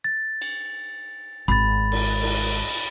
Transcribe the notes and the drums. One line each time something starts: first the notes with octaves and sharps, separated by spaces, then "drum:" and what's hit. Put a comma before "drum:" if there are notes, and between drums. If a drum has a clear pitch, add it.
A6
drum: cymbal
G#1 B5 A6
drum: cymbal
drum: cymbal
drum: cymbal